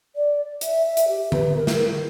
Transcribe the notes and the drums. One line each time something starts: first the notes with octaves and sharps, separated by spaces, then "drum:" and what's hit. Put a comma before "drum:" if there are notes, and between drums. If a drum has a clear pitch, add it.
D5
E5, drum: hi-hat
E5
drum: hi-hat
G4
B4, drum: tom D3
A#4
drum: snare
A#4